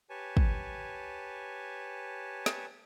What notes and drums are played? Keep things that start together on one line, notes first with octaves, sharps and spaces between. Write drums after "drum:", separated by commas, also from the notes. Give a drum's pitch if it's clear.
G4 B4 C#5 G#5 A5
drum: kick
drum: snare